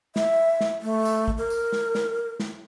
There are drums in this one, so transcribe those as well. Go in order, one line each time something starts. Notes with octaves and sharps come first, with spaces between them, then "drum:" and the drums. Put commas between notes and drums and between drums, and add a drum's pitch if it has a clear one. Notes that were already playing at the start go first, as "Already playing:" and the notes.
E5, drum: snare
drum: snare
A3
drum: tambourine
drum: kick A1
A#4
drum: tambourine
drum: snare
drum: snare
drum: snare